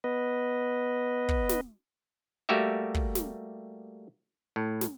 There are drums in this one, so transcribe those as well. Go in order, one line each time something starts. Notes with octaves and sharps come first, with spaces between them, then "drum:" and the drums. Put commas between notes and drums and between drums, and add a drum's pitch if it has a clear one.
B3 B4 D#5
drum: kick
drum: snare
G3 A3 A#3 F#4 G4 E5
drum: kick
drum: snare
A2
drum: snare